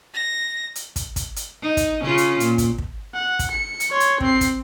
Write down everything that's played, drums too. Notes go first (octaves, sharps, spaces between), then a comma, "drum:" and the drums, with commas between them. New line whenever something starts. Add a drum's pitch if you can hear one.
A#6
drum: hi-hat
drum: kick, hi-hat
drum: kick, hi-hat
drum: hi-hat
D#4
drum: kick, hi-hat
C#3 C#4 F4
drum: hi-hat
A#2, drum: hi-hat
drum: kick, hi-hat
drum: kick
F#5
drum: kick, hi-hat
C#7
drum: hi-hat
C#5 C6
drum: hi-hat
C4 C7, drum: kick
drum: kick, hi-hat